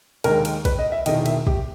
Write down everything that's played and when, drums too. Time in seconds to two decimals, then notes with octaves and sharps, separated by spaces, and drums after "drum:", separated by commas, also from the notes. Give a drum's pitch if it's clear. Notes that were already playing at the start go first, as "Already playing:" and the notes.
0.24 D#2 D#3 G#3 A#4, drum: cymbal
0.45 drum: cymbal
0.65 B4, drum: kick, cymbal
0.79 D#5
0.92 E5
1.06 E1 E2 D#3 D#5, drum: cymbal
1.26 E5, drum: cymbal
1.47 G4, drum: kick